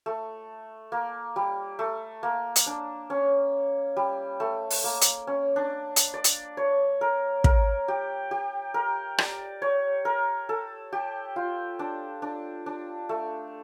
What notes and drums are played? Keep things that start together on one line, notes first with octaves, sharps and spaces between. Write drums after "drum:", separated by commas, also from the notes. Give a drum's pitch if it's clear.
A3
A#3
G3
A3
A#3
drum: hi-hat
D4
C#4
G3
A3
drum: open hi-hat
A#3
drum: hi-hat
C#4
D4
drum: hi-hat
D5
drum: hi-hat
C#5
A#4
A#4, drum: kick
G4
G4
A#4
D5, drum: rim click
C#5
A#4
A4
G4
F4
D4
D4
D4
A3